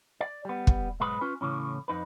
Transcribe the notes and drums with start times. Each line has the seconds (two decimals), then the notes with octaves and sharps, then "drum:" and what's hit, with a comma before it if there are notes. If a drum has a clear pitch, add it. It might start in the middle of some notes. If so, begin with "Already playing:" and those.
0.21 D5
0.45 G3 B3
0.67 drum: kick
1.00 B1 G#2 G#3 B4 B5
1.21 C#4 F4 B4
1.41 A2 C#3 E3 C#4
1.88 F2 D#4 B4